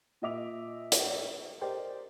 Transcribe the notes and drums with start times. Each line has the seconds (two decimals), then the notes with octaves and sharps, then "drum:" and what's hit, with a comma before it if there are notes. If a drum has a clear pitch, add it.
0.22 A#2 F4 D#5 E5 D6 F7
0.92 drum: hi-hat
1.61 G4 A#4 C5 D5 D#5 G5